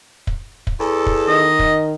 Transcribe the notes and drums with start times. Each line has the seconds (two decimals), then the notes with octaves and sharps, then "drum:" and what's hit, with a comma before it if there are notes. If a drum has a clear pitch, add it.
0.27 drum: kick
0.67 drum: kick
0.80 E2 A4
1.06 drum: kick
1.28 D#3 D#5
1.59 drum: kick